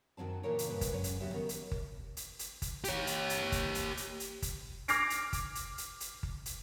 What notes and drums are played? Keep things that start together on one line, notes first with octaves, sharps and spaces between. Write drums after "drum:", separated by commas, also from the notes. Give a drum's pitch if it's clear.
F#2 D#3 F#3 C4 A5
A#2 C#3 E3 A#3 A#4 C#5
drum: hi-hat
G2 C#3 B4
drum: kick G1, hi-hat
F#2 G#3 C#4 C#5
drum: hi-hat
E2 C#3 F#3 G4 E5
D#3 B3 A#4 C#5
drum: hi-hat
drum: kick G1
drum: hi-hat
drum: hi-hat
drum: kick G1, hi-hat
G4 C#5, drum: hi-hat
drum: hi-hat
drum: hi-hat
drum: kick G1, hi-hat
drum: hi-hat
drum: hi-hat
drum: hi-hat
drum: kick G1, hi-hat
D6 F6 G#6 A#6 C7 D7, drum: hi-hat
drum: hi-hat
drum: kick G1, hi-hat
drum: hi-hat
drum: hi-hat
drum: hi-hat
drum: kick G1
drum: hi-hat